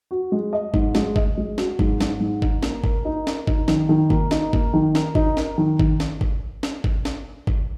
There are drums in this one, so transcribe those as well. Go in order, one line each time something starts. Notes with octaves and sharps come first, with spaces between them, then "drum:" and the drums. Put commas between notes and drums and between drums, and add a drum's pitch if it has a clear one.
F#4
G#3
D#5
G#2, drum: kick
G#3, drum: snare
D#5, drum: kick
G#3
F#4, drum: snare
G#2, drum: kick
G#2, drum: snare
G#2
D#4, drum: kick
A#3, drum: snare
A#4, drum: kick
D#4
A#4, drum: snare
D#4, drum: kick
D#3, drum: snare
D#3
A#3, drum: kick
D#4, drum: snare
A#3, drum: kick
D#3
A#4, drum: snare
D#4, drum: kick
A#4, drum: snare
D#3
D#3, drum: kick
drum: snare
drum: kick
drum: snare
drum: kick
drum: snare
drum: kick